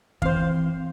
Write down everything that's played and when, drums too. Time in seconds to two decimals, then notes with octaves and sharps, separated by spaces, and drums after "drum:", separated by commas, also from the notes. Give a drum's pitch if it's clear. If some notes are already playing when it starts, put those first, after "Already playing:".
0.22 E3 C4 C5 F5, drum: kick